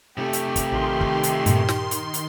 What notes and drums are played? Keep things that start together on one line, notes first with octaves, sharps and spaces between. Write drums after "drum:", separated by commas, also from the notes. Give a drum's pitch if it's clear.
C3 A3 G4
drum: hi-hat
drum: kick, hi-hat
A1 D#3 C6
drum: kick
drum: hi-hat
G2 A#2, drum: hi-hat
drum: snare
drum: hi-hat
drum: hi-hat